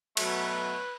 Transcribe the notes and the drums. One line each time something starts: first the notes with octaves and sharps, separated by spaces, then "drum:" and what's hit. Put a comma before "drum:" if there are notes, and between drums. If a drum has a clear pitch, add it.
B2 F#3 A3 B4, drum: cymbal